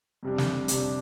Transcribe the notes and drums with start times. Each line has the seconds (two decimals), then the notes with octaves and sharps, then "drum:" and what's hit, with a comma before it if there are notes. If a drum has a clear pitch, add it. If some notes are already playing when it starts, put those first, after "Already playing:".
0.23 F2 C3 G3 D4
0.38 drum: snare
0.68 F2 C3 G3 D4, drum: hi-hat